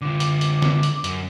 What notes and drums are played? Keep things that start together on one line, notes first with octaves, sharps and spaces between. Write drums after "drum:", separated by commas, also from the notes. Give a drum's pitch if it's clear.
D3 F4 D6
drum: hi-hat
drum: hi-hat
drum: snare
drum: hi-hat
F#2, drum: hi-hat